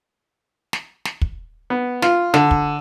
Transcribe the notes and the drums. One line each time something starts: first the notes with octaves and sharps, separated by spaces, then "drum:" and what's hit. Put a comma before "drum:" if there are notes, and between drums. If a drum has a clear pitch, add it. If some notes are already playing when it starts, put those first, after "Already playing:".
drum: snare
drum: snare
drum: kick
B3
F4, drum: snare
D3, drum: snare
drum: kick